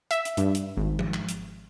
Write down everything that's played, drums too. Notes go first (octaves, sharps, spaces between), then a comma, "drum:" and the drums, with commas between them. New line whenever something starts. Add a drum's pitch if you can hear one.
E5, drum: hi-hat
drum: hi-hat
G2, drum: hi-hat
drum: hi-hat
G#1
drum: tom F3
drum: clap
drum: hi-hat